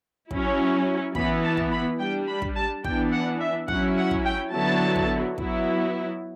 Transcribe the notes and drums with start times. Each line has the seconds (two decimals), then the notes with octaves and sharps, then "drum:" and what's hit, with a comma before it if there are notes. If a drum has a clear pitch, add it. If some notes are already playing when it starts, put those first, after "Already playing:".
0.31 F#3 C#4 E4, drum: kick
1.15 E3 B3 E4 B5, drum: kick
1.43 A5
1.57 drum: kick
1.71 B5
1.99 G3 D4 G5
2.28 B5
2.42 drum: kick
2.56 A5
2.84 E3 B3 D4 G5, drum: kick
3.13 F#5
3.40 E5
3.68 F#3 C#4 E4 F#5, drum: kick
3.97 F#5
4.11 drum: kick
4.25 G5
4.53 D3 F#3 B3 E4 A5
4.96 drum: kick
5.38 F#3 B3 E4, drum: kick